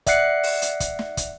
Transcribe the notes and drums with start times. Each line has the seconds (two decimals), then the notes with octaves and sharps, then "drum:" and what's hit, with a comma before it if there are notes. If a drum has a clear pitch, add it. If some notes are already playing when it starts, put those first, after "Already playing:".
0.07 D5 E5 F#5 F#6 C7 C#7, drum: kick, hi-hat
0.43 drum: open hi-hat
0.62 drum: hi-hat
0.80 drum: kick, hi-hat
0.99 drum: snare
1.17 drum: kick, hi-hat